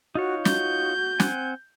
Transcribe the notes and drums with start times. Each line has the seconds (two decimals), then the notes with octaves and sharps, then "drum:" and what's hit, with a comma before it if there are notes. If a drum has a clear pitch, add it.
0.15 D#4 F4 F#4 C#5
0.45 F#4 G6, drum: snare
1.20 C4 F#5 G#5, drum: snare